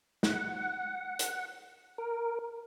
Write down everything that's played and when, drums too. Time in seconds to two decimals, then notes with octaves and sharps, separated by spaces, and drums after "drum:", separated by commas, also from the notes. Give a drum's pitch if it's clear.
0.23 F#5, drum: snare
1.19 drum: hi-hat
1.98 A#4